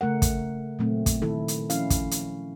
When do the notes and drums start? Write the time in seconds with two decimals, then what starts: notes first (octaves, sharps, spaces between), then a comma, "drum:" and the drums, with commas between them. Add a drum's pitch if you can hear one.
0.01 C#3 A3 A#4 F#5
0.22 drum: kick, hi-hat
0.79 A#2 F#3 A3 C4
1.06 drum: kick, hi-hat
1.22 D#3 E4 A4
1.48 drum: hi-hat
1.70 F3 C#4 E4 F5, drum: hi-hat
1.90 drum: kick, hi-hat
2.11 drum: hi-hat